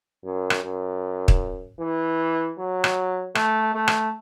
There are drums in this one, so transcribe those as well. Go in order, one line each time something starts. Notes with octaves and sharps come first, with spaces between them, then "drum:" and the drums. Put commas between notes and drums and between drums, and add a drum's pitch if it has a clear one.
F#2
drum: rim click
F#2
drum: kick
E3
F#3
drum: rim click
A3, drum: rim click
A3
drum: rim click